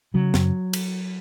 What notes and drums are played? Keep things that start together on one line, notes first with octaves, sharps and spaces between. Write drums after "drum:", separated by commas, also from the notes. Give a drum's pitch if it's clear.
C#3 F#3
F#2, drum: snare
drum: cymbal